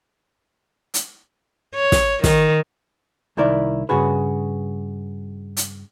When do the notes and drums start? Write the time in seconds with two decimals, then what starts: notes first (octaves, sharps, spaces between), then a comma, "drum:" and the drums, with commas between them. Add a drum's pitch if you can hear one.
0.94 drum: hi-hat
1.75 C#5
1.92 drum: snare
2.24 D#3, drum: snare
3.37 C2 D#3 E4 A#4 D5
3.89 G2 C#3 F#4 G#4 B4
5.57 drum: hi-hat